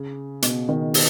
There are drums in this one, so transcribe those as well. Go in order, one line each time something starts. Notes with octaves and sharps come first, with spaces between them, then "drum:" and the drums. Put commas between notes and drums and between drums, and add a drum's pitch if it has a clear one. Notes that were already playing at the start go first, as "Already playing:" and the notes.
Already playing: C#3
B2, drum: hi-hat
D#3
drum: open hi-hat